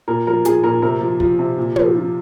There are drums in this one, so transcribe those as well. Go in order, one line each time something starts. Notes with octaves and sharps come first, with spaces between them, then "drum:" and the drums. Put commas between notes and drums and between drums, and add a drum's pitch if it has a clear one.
A#2 A#4
F3 A#4
F3 G#4, drum: hi-hat
A#2 A#4
C3 A#4
F3
F3, drum: kick
C3
A#2
F3, drum: tom
F3